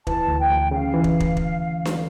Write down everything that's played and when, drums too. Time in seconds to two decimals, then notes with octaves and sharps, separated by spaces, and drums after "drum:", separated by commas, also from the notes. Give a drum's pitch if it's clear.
0.07 E3 A5, drum: kick
0.27 D2
0.38 G5
0.50 D2
0.71 C#3 F5
0.94 E3
1.04 drum: kick
1.20 drum: kick
1.37 drum: kick
1.85 drum: snare D4